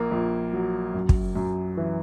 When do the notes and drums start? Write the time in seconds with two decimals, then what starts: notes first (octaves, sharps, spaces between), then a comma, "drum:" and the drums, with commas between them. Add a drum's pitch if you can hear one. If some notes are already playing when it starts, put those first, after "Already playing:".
Already playing: A#1 A#3
0.12 A#1
0.53 F#3
0.94 F#2
1.09 drum: kick
1.35 F#2
1.77 E3